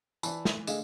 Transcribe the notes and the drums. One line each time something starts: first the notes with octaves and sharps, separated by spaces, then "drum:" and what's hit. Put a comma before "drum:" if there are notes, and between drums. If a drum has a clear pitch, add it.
E3 D5 A5 B5, drum: tambourine
drum: snare
D3 G#3 A3 F5 E7, drum: tambourine